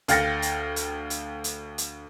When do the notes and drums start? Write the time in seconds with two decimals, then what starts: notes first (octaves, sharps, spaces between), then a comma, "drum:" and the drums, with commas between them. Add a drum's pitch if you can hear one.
0.08 D2 F5 G5 A6 A#6 C#7, drum: hi-hat
0.42 drum: hi-hat
0.76 drum: hi-hat
1.10 drum: hi-hat
1.44 drum: hi-hat
1.78 drum: hi-hat